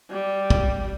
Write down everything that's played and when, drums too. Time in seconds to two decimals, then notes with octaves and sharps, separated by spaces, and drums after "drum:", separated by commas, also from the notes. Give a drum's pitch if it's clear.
0.10 G3
0.50 drum: kick